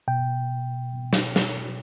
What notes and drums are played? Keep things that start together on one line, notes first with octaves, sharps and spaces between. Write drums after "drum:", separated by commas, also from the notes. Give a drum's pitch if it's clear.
B2 G5
drum: snare
drum: snare